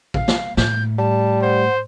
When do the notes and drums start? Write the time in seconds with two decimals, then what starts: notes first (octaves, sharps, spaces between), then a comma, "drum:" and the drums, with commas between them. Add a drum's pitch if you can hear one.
0.14 F5, drum: kick A1
0.28 drum: snare A#3
0.57 A2 G6, drum: snare A#3
0.98 G3 A5
1.42 C5 F#5